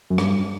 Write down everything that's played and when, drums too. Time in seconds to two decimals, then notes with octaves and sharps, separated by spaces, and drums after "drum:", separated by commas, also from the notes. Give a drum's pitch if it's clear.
0.10 F#2
0.18 G2, drum: rim click